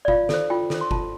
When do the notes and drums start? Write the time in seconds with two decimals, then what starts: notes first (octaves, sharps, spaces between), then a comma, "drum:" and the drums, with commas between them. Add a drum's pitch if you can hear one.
0.05 D5
0.08 F4 F5, drum: kick F#1
0.29 A4 C5, drum: snare
0.50 F4 G5
0.70 A4 C5, drum: snare
0.81 C6
0.91 F4 A5, drum: kick F#1